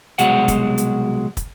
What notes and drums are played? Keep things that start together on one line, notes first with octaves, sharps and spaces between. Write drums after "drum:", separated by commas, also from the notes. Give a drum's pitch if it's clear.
C2 B2 F#3 G#3 F#4 F#5, drum: hi-hat
drum: kick, hi-hat
drum: hi-hat
drum: kick, hi-hat